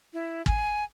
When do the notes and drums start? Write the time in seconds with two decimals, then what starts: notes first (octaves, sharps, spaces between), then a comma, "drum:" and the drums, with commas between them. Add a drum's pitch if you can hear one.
0.13 E4
0.46 G#5, drum: kick